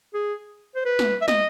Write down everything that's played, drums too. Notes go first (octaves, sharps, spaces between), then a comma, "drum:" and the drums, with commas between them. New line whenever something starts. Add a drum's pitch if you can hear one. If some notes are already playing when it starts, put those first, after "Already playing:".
G#4
C5
B4
drum: snare
E5
D#5, drum: snare